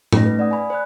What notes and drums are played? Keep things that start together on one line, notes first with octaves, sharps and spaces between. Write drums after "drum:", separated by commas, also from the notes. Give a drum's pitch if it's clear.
A3 C#4 D#4 C5 A#6, drum: tom A2
B4
D5 F#5 D#6
G#5 B5
C5 D5 B5 F#6